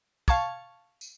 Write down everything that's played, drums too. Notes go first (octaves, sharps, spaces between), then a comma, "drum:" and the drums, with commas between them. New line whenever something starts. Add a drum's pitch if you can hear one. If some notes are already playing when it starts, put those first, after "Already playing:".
F5 A5 C#6 G#6, drum: kick, tambourine
drum: tambourine